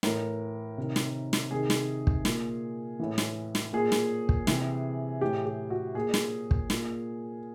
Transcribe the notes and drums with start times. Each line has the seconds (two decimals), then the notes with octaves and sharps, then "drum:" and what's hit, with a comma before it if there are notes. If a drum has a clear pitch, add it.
0.03 A2 E3 A#4, drum: snare
0.78 C3 D#3
0.96 drum: snare
1.33 drum: snare
1.51 C3 D#3 G#4
1.70 drum: snare
2.07 drum: kick
2.25 A#2, drum: snare
2.99 A2 E3
3.18 drum: snare
3.55 drum: snare
3.73 A#2 G#4
3.92 drum: snare
4.29 drum: kick
4.47 C3 E3, drum: snare
5.21 A2 E3 G4
5.46 G4
5.70 F#4
5.95 A#2 G#4
6.14 drum: snare
6.51 drum: kick
6.70 A#2, drum: snare